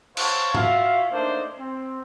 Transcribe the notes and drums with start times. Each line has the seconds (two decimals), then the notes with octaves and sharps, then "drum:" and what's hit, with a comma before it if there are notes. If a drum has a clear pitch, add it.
0.17 C5 C#5 F5 F#5 A5 C#6, drum: cymbal
0.55 F4 F#4 E5 F5, drum: tom G#2
1.12 A3 A#3 D4 D#4 C5
1.59 C4